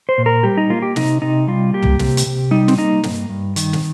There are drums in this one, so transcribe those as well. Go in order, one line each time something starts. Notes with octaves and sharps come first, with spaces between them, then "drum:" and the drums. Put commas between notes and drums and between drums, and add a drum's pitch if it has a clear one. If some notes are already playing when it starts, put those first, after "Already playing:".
C5
A#2
A#4
G3 G4
D#4
A#3 F4
G4
C3 D#4, drum: snare
C3 D#4
G3 F4
A#3 G4
drum: tom
C3, drum: snare
drum: hi-hat
C3
G3 D#4
C4, drum: snare
A#3 D#4
G2, drum: snare
G2
D#3, drum: hi-hat
drum: snare